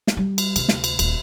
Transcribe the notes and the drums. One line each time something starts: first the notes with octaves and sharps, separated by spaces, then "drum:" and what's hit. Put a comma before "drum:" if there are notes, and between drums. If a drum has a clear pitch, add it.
drum: snare
G3
drum: cymbal
D2 C3, drum: cymbal
drum: snare
drum: cymbal
D#1 A#3, drum: cymbal